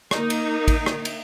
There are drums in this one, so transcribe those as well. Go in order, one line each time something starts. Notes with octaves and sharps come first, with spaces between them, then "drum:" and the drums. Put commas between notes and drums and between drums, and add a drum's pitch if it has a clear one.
A#3 D#4, drum: rim click
drum: cymbal
drum: kick A1, cymbal
drum: rim click
drum: cymbal